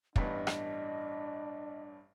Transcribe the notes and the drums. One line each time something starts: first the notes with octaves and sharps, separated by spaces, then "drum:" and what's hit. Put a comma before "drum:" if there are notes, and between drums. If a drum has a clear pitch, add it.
A1 G2 B3 D4 D#5, drum: kick
drum: rim click